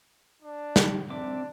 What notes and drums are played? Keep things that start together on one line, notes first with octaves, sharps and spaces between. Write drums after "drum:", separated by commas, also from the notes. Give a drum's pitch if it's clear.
D4
G3, drum: snare
C4 D4 E5 D6